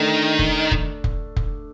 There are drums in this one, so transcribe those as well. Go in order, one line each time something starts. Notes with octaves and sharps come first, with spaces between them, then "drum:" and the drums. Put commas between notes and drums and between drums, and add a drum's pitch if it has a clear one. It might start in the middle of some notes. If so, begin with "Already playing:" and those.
Already playing: D#3 A3 D4
drum: kick
drum: kick
drum: kick
drum: kick